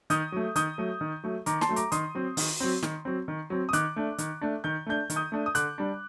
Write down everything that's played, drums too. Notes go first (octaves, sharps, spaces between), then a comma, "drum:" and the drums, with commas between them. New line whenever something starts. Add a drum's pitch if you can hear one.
D#3 D#6 G6, drum: hi-hat
F#3 A3
D#3 D#6 G6, drum: hi-hat
F#3 A3
D#3
F#3 A3
D#3 A#5 D6, drum: hi-hat
A5 C6, drum: snare
F#3 A3
A#5 D6, drum: hi-hat
D#3 C6 D#6, drum: hi-hat
F#3 C4
D#3, drum: open hi-hat
F#3 C4
D#3, drum: snare
F#3 C4
D#3
F#3 C4
D#6
D#3 D6 F#6, drum: hi-hat
A3 D4
D#3, drum: hi-hat
A3 D4
D#3 G6
A3 D4 G6
D#3, drum: hi-hat
D#6 G6
A3 D4
D#6
D3 D6 F#6, drum: hi-hat
G3 D4